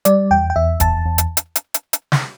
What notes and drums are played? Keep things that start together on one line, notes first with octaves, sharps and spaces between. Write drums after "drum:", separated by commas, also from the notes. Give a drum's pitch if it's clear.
G3 D5, drum: hi-hat
E2 G5
G5
E2 E5
E2 A5, drum: kick, hi-hat
E2
drum: hi-hat
drum: hi-hat
drum: hi-hat
drum: hi-hat
drum: hi-hat
drum: snare